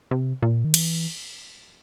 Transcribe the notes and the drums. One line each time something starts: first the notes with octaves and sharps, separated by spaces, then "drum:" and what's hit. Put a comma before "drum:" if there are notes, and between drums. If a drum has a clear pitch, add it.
C3
A#2
D#3
E3, drum: cymbal